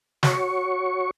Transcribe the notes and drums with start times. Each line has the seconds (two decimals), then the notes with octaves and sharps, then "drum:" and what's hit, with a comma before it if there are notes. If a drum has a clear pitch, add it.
0.23 F#4 C#5 C#6, drum: snare